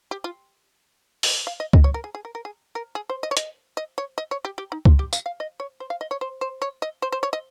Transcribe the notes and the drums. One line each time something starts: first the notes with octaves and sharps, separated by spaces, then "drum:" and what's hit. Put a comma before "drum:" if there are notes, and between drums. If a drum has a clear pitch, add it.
G4
F4
drum: open hi-hat
F5
D#5
D#5, drum: kick C#2
C#5
A#4
G#4
G#4
A#4
A#4
G#4
A#4
G#4
C5
D#5
C#5
D#5, drum: hi-hat
D#5
C#5
D#5
C#5
G4
G4
D#4
F4, drum: kick C#2
G4
F5, drum: tambourine
F5
D#5
C#5
C5
F5
D#5
C#5
C5
C5
C#5
D#5
C5
C5
C#5
D#5